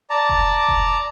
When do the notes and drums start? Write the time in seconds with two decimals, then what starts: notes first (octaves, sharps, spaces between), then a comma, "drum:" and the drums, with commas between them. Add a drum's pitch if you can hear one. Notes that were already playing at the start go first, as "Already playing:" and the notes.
0.10 D5 A5 A#5
0.29 drum: kick F1
0.68 drum: kick F1